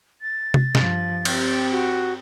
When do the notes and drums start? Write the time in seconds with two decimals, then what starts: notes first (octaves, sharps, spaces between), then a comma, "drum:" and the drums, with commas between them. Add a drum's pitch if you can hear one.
0.21 A6
0.54 drum: tom C3
0.75 G2 F3, drum: snare
1.25 C4 G4, drum: cymbal
1.71 F#4